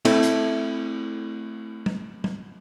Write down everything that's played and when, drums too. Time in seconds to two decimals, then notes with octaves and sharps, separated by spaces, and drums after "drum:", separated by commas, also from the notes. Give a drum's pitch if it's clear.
0.05 A3 C4 E4 A4, drum: cymbal
0.23 drum: hi-hat
1.86 drum: tom
2.24 drum: tom